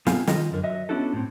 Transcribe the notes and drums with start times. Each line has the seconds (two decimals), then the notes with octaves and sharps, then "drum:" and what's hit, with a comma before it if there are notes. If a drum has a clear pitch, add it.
0.07 B3 C4 F4 F5 G#5, drum: snare
0.27 D#3 F4 D#5, drum: snare
0.52 F#2 D3 A#4
0.63 F#3 D#5 E5
0.89 B3 C#4 D4 E4 F#4 A4
1.13 A2 C4